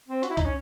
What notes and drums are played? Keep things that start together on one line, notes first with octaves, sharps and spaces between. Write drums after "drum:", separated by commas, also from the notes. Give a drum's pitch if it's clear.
C4
F#4, drum: hi-hat
E4
D#4, drum: kick C#2, hi-hat
C#4